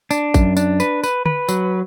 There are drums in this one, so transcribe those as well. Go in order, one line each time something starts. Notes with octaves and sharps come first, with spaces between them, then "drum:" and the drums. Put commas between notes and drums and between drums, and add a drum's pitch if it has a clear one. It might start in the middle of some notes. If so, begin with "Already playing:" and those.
D4, drum: tambourine
F#2, drum: kick A1, tambourine
D4, drum: tambourine
B4, drum: tambourine
B4, drum: tambourine
B4, drum: tom
F#3, drum: tambourine